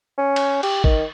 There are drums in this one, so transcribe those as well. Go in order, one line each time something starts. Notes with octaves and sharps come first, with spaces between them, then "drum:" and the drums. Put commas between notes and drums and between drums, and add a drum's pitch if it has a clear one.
C#4
drum: cymbal
G4, drum: cymbal
D#3, drum: kick